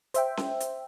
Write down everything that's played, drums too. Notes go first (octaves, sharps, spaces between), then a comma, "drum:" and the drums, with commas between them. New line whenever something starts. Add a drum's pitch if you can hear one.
C5 E5 G5, drum: hi-hat
drum: snare C#4
drum: hi-hat